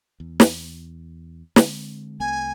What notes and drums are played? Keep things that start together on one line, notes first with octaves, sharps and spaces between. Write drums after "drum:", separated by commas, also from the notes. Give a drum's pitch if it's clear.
E2
drum: snare
D3 G#3 C4, drum: snare
C2 A3 C4 G#5